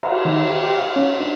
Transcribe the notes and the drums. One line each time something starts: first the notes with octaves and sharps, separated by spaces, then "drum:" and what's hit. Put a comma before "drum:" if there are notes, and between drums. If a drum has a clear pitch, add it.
A#5, drum: cymbal
D#3
G4
G4
F5
C#4
D4